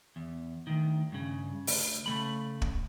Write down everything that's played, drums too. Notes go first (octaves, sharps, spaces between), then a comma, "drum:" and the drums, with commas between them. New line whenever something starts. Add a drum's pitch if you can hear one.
E2
D2 D#3
G2 C#3
D2, drum: open hi-hat
C#3 A3 B5
drum: kick